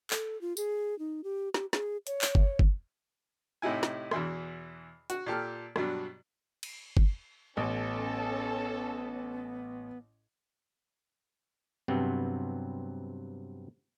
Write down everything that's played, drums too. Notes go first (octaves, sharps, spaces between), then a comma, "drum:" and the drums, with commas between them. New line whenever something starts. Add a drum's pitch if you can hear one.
A4, drum: clap
F4
G#4, drum: tambourine
D#4
G4
G4, drum: snare
G#4, drum: snare
C#5, drum: hi-hat
drum: clap
drum: kick G1
drum: kick G1
A2 C3 D#4 E4 G#5
drum: snare
E2 B2 E3 E5 C6, drum: rim click
F#4, drum: hi-hat
A#2 G4 A4 F6
G2 B2 F#3 D4, drum: rim click
drum: cymbal
drum: kick G1
A1 B3 C#4 A4
G2 C3 F#3 B3 C4